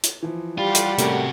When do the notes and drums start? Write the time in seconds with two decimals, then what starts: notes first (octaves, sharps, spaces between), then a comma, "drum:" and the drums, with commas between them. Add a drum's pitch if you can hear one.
0.03 drum: hi-hat
0.23 E3 F3
0.58 G3 F4 G4 F#5
0.75 drum: hi-hat
0.98 C3 A3 C#4 F#4 A#4, drum: hi-hat